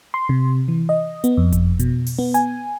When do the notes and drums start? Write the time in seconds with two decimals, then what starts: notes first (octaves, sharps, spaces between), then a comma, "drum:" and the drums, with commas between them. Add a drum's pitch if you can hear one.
0.14 C6
0.29 C3
0.68 E3
0.89 D#5
1.24 B3, drum: hi-hat
1.37 F2
1.52 drum: kick F#1, hi-hat
1.79 B2, drum: hi-hat
2.06 drum: open hi-hat
2.19 B3
2.34 G#5, drum: hi-hat